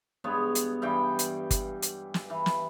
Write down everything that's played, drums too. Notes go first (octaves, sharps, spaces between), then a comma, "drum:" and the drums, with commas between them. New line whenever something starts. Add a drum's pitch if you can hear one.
G2 G#3 B3 C#5
drum: hi-hat
G2 E3 G5
drum: hi-hat
drum: kick G1, hi-hat
drum: hi-hat
drum: snare
E3
drum: snare